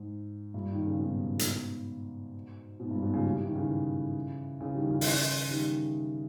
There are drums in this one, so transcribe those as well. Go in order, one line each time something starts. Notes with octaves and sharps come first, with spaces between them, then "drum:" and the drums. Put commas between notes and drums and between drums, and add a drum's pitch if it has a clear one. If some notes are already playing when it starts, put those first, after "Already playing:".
Already playing: G#2
G2 A#2
D#3
C#3
G#2 B2
drum: hi-hat
G#2 B2
G2 A#2
G#2 B2
A#2 C#3
G3
E3
D#3
C#3 E3
C#3 E3
D#3 G3
C#3 E3
D#3, drum: open hi-hat
C#3 E3
D#3 G3